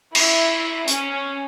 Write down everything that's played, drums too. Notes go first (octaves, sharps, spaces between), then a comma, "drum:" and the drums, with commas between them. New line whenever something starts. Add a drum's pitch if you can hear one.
E4, drum: cymbal
C#4, drum: hi-hat